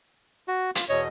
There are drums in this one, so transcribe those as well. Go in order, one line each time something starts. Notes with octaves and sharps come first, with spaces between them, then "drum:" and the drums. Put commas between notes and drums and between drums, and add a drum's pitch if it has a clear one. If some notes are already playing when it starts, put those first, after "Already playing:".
F#4
F4, drum: hi-hat
E2 B2 C#5 D#5